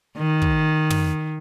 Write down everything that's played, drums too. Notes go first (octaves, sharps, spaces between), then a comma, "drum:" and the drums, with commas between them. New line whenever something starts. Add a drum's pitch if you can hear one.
D#3
drum: kick
drum: tom